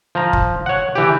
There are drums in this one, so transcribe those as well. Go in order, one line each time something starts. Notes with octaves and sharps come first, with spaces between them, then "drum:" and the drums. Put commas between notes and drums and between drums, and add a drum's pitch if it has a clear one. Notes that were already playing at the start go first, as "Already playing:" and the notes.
F3 A#5
drum: kick
C#5 F#5
E3 G4